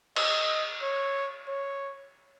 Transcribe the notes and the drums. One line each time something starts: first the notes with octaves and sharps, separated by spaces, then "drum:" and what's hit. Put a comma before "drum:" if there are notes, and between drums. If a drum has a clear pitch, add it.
D#5, drum: cymbal
C#5
C#5